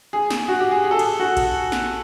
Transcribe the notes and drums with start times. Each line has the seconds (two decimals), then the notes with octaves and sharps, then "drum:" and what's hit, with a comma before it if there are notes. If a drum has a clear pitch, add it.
0.13 G#4
0.30 drum: snare
0.48 F#4
0.60 G4
0.71 G#4
0.84 G#4
0.91 A4
0.99 G#4, drum: cymbal
1.20 F#4
1.37 drum: kick A#1, cymbal
1.72 drum: snare